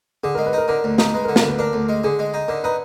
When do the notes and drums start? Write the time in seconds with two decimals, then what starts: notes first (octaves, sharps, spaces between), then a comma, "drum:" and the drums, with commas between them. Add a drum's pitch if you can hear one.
0.23 D3 G#4
0.35 A#4
0.38 G#3
0.46 B4
0.53 D#4 A#4
0.68 D3 A#4
0.84 D2
0.98 D#4, drum: snare
1.14 G#3 B4
1.25 A#4
1.29 D3
1.36 A#4, drum: snare
1.43 D2 B4
1.59 D4 A#4
1.73 D2
1.89 G#3
2.04 D3 G#4
2.19 G#3
2.34 D#4
2.48 D3 A#4
2.64 D#4 B4